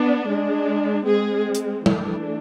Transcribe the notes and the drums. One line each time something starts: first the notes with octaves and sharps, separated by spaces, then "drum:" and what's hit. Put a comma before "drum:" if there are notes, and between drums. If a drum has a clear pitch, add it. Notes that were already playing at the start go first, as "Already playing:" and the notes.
Already playing: B3 D4
G#3 D4
G#3 C4 G#4
drum: hi-hat
E3 A3 D4, drum: tom G3